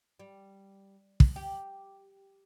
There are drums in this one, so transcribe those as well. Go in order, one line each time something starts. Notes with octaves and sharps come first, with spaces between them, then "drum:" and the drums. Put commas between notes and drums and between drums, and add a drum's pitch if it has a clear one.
G3
drum: kick
G4